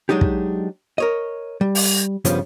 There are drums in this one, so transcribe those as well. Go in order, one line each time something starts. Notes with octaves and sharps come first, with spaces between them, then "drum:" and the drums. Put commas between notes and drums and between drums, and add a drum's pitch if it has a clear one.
F#3 G#3 D4 D#4 G4
drum: kick
A#4 C#5 D#5
G3
drum: open hi-hat
G2 C#3 F3 G3 B3, drum: hi-hat